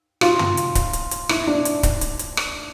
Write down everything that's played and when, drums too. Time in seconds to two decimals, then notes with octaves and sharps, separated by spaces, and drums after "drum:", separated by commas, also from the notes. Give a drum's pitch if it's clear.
0.21 F4, drum: rim click
0.39 drum: tom
0.57 drum: hi-hat
0.75 drum: kick C#1, hi-hat
0.93 drum: hi-hat
1.11 drum: hi-hat
1.29 E4, drum: rim click
1.47 D4
1.65 drum: hi-hat
1.83 drum: kick C#1, hi-hat
2.01 drum: hi-hat
2.19 drum: hi-hat
2.37 drum: rim click